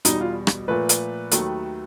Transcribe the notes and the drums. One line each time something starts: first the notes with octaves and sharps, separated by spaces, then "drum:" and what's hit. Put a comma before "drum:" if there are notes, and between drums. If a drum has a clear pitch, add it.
E2 B2 G3 D#4, drum: hi-hat
F4
drum: rim click
A#2 F3 A3 B4
drum: hi-hat
D#2 D#3 F#3 A3, drum: hi-hat